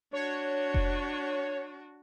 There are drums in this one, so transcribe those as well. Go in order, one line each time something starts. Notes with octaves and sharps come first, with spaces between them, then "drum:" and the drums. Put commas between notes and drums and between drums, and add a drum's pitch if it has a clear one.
D4 F#4 C#5
drum: kick F1